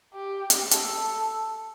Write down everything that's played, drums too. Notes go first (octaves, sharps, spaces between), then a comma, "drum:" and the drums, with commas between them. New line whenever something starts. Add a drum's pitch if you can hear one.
G4
drum: hi-hat
A4, drum: hi-hat